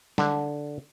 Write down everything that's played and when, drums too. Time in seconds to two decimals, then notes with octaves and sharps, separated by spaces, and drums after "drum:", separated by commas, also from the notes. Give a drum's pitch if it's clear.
0.18 D3, drum: snare